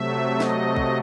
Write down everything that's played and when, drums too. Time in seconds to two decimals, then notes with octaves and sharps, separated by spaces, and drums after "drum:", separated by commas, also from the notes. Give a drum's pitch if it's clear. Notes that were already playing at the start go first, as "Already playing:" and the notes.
Already playing: C3 F#3 A3 E5
0.40 D#5, drum: snare
0.76 drum: kick